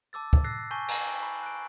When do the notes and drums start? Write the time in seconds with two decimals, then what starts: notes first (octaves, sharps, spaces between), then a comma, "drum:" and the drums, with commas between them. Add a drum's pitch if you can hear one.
0.13 A5 D6 E6 A6
0.33 drum: kick
0.44 E6 F#6 A6 A#6 C7
0.71 G#5 A5 C#6 G6 B6 G7
0.88 G#5 A#5 F#7, drum: cymbal
1.22 B5
1.43 F#6 D7